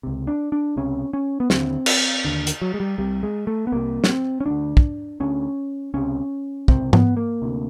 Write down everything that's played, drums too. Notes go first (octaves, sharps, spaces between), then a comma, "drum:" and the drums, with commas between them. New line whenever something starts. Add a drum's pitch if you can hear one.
C#2 C3
D4
D4
C#2 C3 C#4
C#4
B3
D#2 D3 C4, drum: snare
drum: cymbal
D#2 D3
drum: hi-hat
F#3
G#3
G3
C2 C3 G3
G#3
A3
B3
C2 C3 A#3
C#4, drum: snare
C4
C#4
D2 D3 D4
drum: kick
D2 D3 C#4
C#2 C3 C#4
C#2 C3 C4, drum: kick
B3, drum: tom G#2
A#3
D2 C3